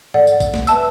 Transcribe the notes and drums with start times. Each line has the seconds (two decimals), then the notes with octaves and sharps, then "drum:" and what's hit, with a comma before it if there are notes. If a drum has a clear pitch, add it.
0.14 A4 D5 F#5, drum: tom G#2
0.27 drum: tambourine
0.40 drum: kick, tambourine
0.54 drum: snare
0.67 B4 E5 A5 E6, drum: tambourine